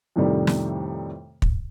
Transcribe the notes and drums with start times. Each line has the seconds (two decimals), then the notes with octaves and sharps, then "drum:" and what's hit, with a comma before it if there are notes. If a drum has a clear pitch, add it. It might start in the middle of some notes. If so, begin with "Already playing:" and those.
0.16 F2 A2 C3 D#3 G3 A3
0.47 drum: snare
1.42 drum: kick